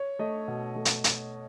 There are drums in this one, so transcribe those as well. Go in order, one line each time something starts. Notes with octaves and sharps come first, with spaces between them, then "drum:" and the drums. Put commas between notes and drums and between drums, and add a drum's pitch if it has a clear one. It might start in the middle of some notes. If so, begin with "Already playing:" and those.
Already playing: C#5
A3 D#5
B2
A3
drum: hi-hat
drum: hi-hat